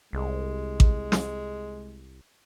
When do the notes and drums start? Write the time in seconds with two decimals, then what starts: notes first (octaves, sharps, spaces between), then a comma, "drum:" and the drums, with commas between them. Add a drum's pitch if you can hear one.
0.13 C2 G#3
0.80 drum: kick A1
1.12 drum: snare